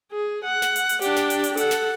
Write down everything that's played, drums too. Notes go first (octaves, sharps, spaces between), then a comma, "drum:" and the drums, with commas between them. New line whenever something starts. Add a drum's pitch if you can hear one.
G#4
F#5
drum: snare
drum: hi-hat
drum: hi-hat
D4 G4, drum: hi-hat
drum: snare
drum: hi-hat
drum: hi-hat
A4 F#5, drum: hi-hat
drum: snare